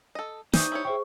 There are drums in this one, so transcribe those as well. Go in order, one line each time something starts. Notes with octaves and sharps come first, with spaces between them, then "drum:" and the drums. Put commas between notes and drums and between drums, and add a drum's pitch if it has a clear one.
A4 D#5
E3 D#4 G4 C5 D5 C#6 D#6 G6, drum: snare
E4 G4 C#5
G#4 C5 E5 G5 C#6